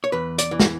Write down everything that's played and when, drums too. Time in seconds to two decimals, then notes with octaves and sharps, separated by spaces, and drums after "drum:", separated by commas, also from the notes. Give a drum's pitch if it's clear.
0.04 C#5
0.12 E2 B4
0.38 D5, drum: hi-hat
0.51 E3
0.60 F#4, drum: snare